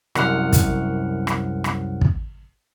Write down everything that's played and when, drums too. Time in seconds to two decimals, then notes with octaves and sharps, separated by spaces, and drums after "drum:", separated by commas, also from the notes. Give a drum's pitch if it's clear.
0.15 C2 F#2 F#5 F6, drum: rim click
0.53 drum: kick, hi-hat
1.27 drum: rim click
1.64 drum: rim click
2.01 drum: kick